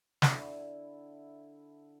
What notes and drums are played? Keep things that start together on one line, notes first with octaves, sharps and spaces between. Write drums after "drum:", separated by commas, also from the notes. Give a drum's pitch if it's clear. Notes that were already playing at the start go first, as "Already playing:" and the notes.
D3 E4, drum: snare